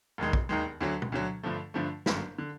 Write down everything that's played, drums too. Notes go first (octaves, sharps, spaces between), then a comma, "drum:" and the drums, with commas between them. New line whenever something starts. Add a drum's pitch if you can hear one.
E1 D#2 D#3 G#3
drum: kick
E1 D#2 D#3 G#3
D2 D3 F#3
drum: tom B2
D2 D3 F#3
G2 D3 F3 A3
G2 D3 F3 A3
G1 F#2 D3, drum: snare
D3